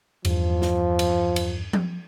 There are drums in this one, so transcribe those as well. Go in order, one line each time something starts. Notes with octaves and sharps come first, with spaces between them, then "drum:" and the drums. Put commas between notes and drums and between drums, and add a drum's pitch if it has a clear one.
E2 G2 F3, drum: cymbal
drum: snare
drum: cymbal
drum: cymbal
drum: tom F3